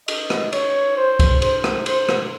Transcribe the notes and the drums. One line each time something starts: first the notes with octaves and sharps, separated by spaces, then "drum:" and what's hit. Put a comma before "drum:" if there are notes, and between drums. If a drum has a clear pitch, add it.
D#5, drum: cymbal
drum: rim click
C#5, drum: cymbal
C5
drum: kick C2, cymbal
C5, drum: cymbal
drum: rim click
C5, drum: cymbal
drum: rim click